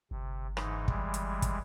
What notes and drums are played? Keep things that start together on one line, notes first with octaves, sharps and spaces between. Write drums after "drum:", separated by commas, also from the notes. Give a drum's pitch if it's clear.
G1 C3
G#2 E3 D#4, drum: rim click
E3 G3 G#3, drum: kick
drum: hi-hat
drum: kick, hi-hat